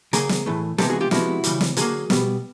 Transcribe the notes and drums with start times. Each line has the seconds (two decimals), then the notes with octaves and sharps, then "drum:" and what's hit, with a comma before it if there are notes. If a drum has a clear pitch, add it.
0.13 C#3 F#3 A#3 G#4 A#4, drum: hi-hat
0.29 drum: snare
0.46 A2 E3 A3
0.78 C3 E3 G#3 B3 G4 A4, drum: snare
0.90 F#4 G#4
1.00 F4 G4
1.11 C3 F3 G#3 B3 E4 F#4, drum: snare
1.44 C#3 E3 G3, drum: hi-hat
1.61 drum: snare
1.77 D3 F#3 A#3 F#4 G#4, drum: hi-hat
2.10 B2 G3 B3, drum: snare